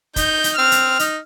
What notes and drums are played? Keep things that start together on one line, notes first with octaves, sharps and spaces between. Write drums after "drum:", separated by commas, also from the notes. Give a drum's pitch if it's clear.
D#4 G6, drum: kick, hi-hat
drum: hi-hat
C4 F6
drum: hi-hat
D#4, drum: hi-hat